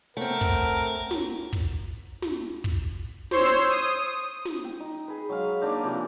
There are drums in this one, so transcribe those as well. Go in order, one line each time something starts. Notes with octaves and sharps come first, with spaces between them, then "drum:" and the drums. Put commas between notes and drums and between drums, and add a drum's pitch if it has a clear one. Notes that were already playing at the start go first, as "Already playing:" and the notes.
A3 C4 A#4 C#5 F#5 A5
drum: kick
drum: snare
drum: kick
drum: snare
drum: kick
C5 C#5 C6 E6, drum: snare
D#6
drum: snare
G5
D#4
G#4 B4
F#3 G#3 F5
A#3 D4 D#4
C3 E3 F3